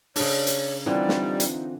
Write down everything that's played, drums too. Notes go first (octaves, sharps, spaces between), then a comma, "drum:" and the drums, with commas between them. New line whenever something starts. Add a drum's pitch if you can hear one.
C#3 D4 C#5, drum: open hi-hat
drum: hi-hat
D3 E3 G3 C4 D#4 F4
drum: snare
drum: hi-hat